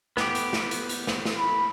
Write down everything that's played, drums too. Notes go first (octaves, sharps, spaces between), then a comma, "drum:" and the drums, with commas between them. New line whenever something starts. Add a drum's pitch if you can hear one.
B3 G4, drum: snare
drum: hi-hat
drum: snare
drum: hi-hat
drum: hi-hat
drum: snare
drum: snare
B5